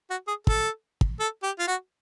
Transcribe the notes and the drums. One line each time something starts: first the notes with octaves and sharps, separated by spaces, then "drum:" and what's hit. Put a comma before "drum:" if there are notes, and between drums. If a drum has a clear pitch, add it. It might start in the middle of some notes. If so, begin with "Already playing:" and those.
F#4
G#4
A4, drum: kick
drum: kick
A4
G4
F4
F#4